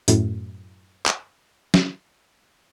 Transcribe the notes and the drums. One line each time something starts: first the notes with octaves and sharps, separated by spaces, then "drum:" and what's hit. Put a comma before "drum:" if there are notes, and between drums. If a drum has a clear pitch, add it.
F#2 A2, drum: hi-hat
drum: clap
drum: snare